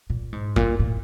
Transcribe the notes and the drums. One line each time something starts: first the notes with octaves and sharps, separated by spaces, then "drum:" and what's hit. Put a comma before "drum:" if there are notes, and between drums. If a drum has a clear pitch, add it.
A#2
G#2
A#2, drum: kick F#2
A2